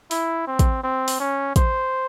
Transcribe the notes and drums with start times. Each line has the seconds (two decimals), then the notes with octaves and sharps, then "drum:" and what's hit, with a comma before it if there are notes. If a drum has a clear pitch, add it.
0.11 E4, drum: open hi-hat
0.47 C4
0.59 drum: kick, hi-hat
0.83 C4
1.08 drum: open hi-hat
1.20 C#4
1.56 C5, drum: kick, hi-hat